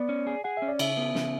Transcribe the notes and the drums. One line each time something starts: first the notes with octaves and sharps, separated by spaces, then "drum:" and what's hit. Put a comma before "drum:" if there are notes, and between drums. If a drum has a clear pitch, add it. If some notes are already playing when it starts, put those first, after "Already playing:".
Already playing: B3 D5
C#4
G#4
G#4 F#5
C#4 E5
D5
C#3 E5, drum: cymbal
B3
C#3, drum: snare